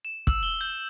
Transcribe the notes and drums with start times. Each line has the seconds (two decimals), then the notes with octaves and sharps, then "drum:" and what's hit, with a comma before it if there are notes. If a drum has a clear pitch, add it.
0.05 E7
0.27 E6, drum: kick
0.43 G7
0.61 G6